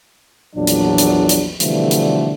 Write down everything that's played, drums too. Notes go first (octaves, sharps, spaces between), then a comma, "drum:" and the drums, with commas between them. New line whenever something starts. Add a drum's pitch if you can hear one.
A#1 E2 A#2 F#3 D4
drum: hi-hat
drum: hi-hat
drum: hi-hat
B2 D3 E3 F3 G3 A3, drum: hi-hat
drum: hi-hat